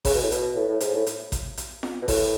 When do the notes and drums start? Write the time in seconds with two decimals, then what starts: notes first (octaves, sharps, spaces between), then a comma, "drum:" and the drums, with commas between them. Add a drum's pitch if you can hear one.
0.05 C#3, drum: kick A1, open hi-hat
0.14 B2
0.23 A2
0.32 B2, drum: hi-hat
0.55 A2
0.68 A2
0.80 G#2, drum: hi-hat
0.94 A2
1.07 drum: hi-hat
1.32 drum: kick A1, hi-hat
1.57 drum: hi-hat
1.83 drum: snare F4
2.02 B2
2.08 A2, drum: kick A1, open hi-hat